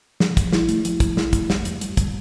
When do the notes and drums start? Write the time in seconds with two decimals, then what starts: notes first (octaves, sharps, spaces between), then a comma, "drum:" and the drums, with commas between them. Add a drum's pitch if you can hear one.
0.20 F3, drum: snare
0.37 F3, drum: kick, hi-hat
0.53 E4, drum: snare
0.69 A3, drum: hi-hat
0.85 F3, drum: hi-hat
1.00 F3, drum: kick, hi-hat
1.17 E4, drum: snare
1.33 A3, drum: kick, hi-hat
1.50 F2, drum: snare
1.65 F2, drum: hi-hat
1.81 G3, drum: hi-hat
1.97 D3, drum: kick, hi-hat